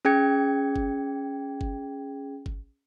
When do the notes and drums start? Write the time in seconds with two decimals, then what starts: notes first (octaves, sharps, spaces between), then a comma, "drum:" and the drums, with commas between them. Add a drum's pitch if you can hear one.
0.05 C#4 G#4 G5 G#6 C#7
0.76 drum: kick G1
1.61 drum: kick G1
2.46 drum: kick G1